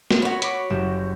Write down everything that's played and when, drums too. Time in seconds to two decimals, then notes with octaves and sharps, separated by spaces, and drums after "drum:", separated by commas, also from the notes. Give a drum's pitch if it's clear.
0.11 drum: snare
0.22 F#4 C#5 B5
0.42 B5 D6, drum: hi-hat
0.70 F#1 G4 E7